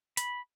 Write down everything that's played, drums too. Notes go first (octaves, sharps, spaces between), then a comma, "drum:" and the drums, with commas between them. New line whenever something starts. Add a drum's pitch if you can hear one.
B5, drum: hi-hat